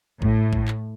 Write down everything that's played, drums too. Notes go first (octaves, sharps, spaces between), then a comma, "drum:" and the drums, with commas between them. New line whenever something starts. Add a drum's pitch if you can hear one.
A2, drum: kick
drum: kick
drum: clap